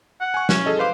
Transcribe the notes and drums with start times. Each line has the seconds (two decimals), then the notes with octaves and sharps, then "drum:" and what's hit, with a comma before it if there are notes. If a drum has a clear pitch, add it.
0.20 F#5
0.34 G#5 C#6
0.49 C#4, drum: snare
0.66 G#4 A4 D#5
0.79 B4 C5 F5 D6